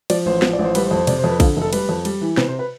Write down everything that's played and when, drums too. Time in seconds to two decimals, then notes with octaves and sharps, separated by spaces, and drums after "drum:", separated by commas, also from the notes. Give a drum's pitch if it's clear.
0.10 F3 D5, drum: cymbal
0.26 A1 C5
0.42 F3, drum: snare
0.53 D5
0.59 A1
0.64 C5
0.75 G3 B4, drum: cymbal
0.86 C5
0.91 F2
0.97 C5
1.07 C3 D5, drum: cymbal
1.19 C5
1.24 F2
1.29 B4
1.40 D3 F4, drum: kick A#1, cymbal
1.56 F1
1.62 A4
1.73 G3 B4, drum: cymbal
1.89 F2
2.05 G3, drum: cymbal
2.21 E3
2.37 C3 B4, drum: snare
2.48 C5
2.59 B4